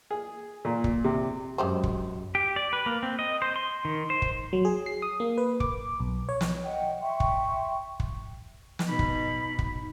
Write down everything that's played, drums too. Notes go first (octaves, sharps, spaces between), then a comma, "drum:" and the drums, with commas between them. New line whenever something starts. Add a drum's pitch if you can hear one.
G#4
A#2
drum: kick
C3
F#2 G#3 G4 C5
drum: kick
G4
D5
B4
A#3
C4
D#5
C5
C6
D#3
C5
drum: kick
F#3
G#4
C7
D#6
A#3
B4
D6, drum: kick
B1
C#5
drum: snare
D#5 F#5 G5
E5 G5 C6 C#6
drum: kick
drum: kick
drum: snare
B2 D#4 B5
drum: kick
drum: kick